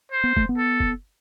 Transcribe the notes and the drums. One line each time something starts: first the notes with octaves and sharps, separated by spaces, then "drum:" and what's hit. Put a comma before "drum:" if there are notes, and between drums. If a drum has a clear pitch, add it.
C5
B3
A3, drum: kick
B3
A4
drum: kick